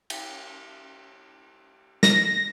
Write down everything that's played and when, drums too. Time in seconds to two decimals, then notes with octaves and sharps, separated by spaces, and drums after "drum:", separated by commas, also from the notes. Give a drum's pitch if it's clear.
0.10 drum: cymbal
2.03 A#6, drum: snare